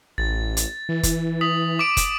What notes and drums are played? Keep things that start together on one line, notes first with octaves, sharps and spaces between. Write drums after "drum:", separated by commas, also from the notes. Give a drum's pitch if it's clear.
A1 A6
drum: hi-hat
E3
E3, drum: kick, hi-hat
D#6 B6 F#7
D6 D7
drum: kick, hi-hat